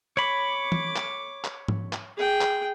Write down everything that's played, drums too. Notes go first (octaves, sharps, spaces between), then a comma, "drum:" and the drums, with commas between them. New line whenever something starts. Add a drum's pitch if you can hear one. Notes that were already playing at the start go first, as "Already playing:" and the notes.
C#5 B5 D6
drum: tom E3
drum: clap
drum: clap
drum: tom G#2
drum: clap
G#4 G5
drum: clap